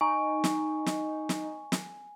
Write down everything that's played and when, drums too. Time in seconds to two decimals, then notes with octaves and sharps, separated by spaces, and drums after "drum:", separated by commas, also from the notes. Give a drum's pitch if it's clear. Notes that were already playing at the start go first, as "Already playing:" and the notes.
0.01 D#4 G#5 C#6
0.44 drum: snare
0.86 drum: snare
1.29 drum: snare
1.72 drum: snare